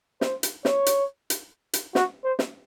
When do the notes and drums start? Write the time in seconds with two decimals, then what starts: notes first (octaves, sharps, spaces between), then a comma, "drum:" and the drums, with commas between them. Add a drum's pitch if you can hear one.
0.21 C5, drum: snare
0.43 drum: hi-hat
0.65 C#5, drum: snare
0.86 drum: hi-hat
1.30 drum: hi-hat
1.73 drum: hi-hat
1.95 F#4, drum: snare
2.24 C5
2.39 drum: snare